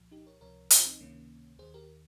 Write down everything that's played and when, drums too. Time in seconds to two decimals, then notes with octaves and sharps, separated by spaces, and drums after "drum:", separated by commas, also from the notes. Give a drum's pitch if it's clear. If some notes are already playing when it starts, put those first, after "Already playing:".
Already playing: C2 A#2 F3
0.11 D#4 G4
0.26 A#4 C#5
0.41 C#2 C3 F3 A#4 C#5
0.70 G#4 C5, drum: hi-hat
0.79 F4
0.86 C4 D#4
1.00 C#2 C3 D#3 A#3 C#4
1.58 D#2 D#3 G#4 C5
1.74 G4 A#4